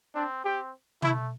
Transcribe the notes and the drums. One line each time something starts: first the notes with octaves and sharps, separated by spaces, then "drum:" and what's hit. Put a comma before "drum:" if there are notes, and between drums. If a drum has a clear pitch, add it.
C4 D4
C4 G4
A3 E4, drum: tom